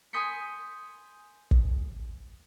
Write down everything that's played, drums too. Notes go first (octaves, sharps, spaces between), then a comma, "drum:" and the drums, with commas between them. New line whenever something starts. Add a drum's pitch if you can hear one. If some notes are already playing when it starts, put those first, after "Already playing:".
G#5 C6 D#6 G6 B6 C#7
drum: kick